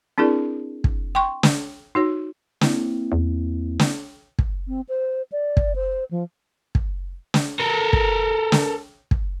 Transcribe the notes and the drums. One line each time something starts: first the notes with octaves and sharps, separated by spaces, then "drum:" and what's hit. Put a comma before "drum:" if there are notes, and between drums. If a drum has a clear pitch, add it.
C4 D4 E4 G#4 A#4 D5
drum: kick
G5 C6 C#6
drum: snare
D#4 F#4 C#5
A#3 C4 E4, drum: snare
E2
drum: snare
drum: kick
C4
C5
D5
drum: kick
C5
F3
drum: kick
drum: snare
A4 A#4
drum: kick
drum: snare
drum: kick